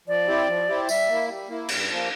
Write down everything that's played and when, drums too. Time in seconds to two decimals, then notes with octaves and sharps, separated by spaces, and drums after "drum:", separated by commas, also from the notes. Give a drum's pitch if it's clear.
0.08 F3 D5
0.28 C4 E4 G4
0.48 F3
0.68 C4 E4 G4
0.89 G3 E5, drum: tambourine
1.09 A#3 E4
1.28 G3
1.48 A#3 E4
1.69 G2, drum: cymbal
1.89 F3 A#3